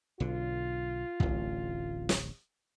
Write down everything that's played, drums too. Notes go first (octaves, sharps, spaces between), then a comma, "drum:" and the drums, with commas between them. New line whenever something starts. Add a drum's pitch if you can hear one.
B1 D3 F4
D1 A1, drum: kick
drum: snare